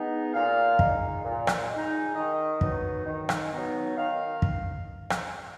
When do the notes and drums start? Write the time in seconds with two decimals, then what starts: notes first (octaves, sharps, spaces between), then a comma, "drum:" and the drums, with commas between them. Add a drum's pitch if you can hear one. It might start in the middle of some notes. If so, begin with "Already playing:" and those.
Already playing: G#3 B3 D#4
0.34 A#2 F5
0.79 G#3 D#4, drum: kick
1.24 A#2
1.47 drum: rim click
1.69 G#3 D#4
2.15 D#3 D#5
2.61 F#3 B3 D#4, drum: kick
3.06 D#3
3.29 drum: rim click
3.51 F#3 B3 D#4
3.97 D#3 F5
4.42 drum: kick
5.10 drum: rim click